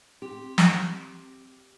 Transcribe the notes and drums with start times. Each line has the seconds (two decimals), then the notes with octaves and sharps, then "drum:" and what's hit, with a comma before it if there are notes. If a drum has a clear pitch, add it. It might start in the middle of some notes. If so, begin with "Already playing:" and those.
0.22 C4 G4
0.58 drum: snare